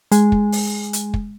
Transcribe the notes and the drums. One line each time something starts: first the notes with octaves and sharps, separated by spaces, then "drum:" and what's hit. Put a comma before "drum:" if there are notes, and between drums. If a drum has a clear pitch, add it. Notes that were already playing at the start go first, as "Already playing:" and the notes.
G#3, drum: hi-hat
drum: kick
drum: open hi-hat
drum: hi-hat
drum: kick